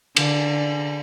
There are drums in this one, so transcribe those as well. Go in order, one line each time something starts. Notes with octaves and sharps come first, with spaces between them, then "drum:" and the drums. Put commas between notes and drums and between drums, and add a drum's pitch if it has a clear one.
D3, drum: cymbal